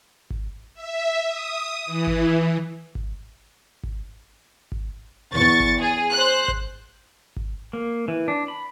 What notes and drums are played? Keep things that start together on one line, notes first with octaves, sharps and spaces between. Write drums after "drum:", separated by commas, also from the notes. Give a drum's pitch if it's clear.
drum: kick G#1
E5
D#6
E3
drum: kick G#1
drum: kick G#1
drum: kick G#1
drum: kick G#1
E2 C#6 A6
drum: kick G#1
G#4
C5 F#6
drum: kick G#1
drum: kick G#1
A#3
E3
D4
B5